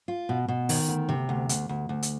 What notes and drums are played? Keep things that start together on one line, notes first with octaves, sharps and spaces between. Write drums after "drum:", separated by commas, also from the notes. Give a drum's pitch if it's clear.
F4
B2
B2
D#3, drum: open hi-hat
D2
C3
D2
D2, drum: hi-hat
D2
D2
drum: hi-hat